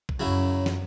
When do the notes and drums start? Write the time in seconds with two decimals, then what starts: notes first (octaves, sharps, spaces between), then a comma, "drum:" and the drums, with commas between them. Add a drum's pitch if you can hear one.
0.09 drum: kick
0.18 F#2 C#3 F#3 C#4 E4
0.66 drum: snare